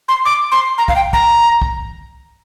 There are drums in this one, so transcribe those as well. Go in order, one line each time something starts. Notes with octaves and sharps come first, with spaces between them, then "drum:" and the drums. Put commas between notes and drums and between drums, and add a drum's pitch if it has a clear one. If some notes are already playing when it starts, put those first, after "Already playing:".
C6
D6
C6
A#5
F5, drum: kick
G5
A#5, drum: kick
drum: kick